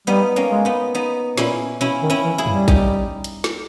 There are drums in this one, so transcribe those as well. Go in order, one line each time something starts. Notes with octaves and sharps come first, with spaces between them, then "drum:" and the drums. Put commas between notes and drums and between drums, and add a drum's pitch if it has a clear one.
G3 B3 D#4
A#3 C#4
G#3
B3 D#4
B3 D#4
A#2 C#4 E4, drum: snare
B2 C#4 E4
D#3
C#4 E4
E3
E4 G#4
G3, drum: tom F2
D#4 G4, drum: kick A1
drum: hi-hat
drum: snare